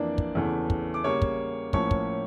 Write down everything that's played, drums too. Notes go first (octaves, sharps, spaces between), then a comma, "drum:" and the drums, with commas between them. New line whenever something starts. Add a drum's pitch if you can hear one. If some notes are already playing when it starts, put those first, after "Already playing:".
Already playing: F2 E3 A#3 D4 D5
drum: kick
E2 C#3 E3 A3
drum: kick
D6
C#3 G3 A#3 C#5 C#6
drum: kick
A2 F3 A#3 C#4 C#5 C#6, drum: kick
drum: kick